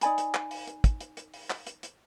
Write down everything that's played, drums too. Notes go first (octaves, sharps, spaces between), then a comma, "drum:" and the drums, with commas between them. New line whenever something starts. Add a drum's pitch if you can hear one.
D#4 D5 G#5 B5, drum: hi-hat
drum: hi-hat
drum: clap
drum: open hi-hat
drum: hi-hat
drum: kick, hi-hat
drum: hi-hat
drum: hi-hat
drum: open hi-hat
drum: clap
drum: hi-hat
drum: hi-hat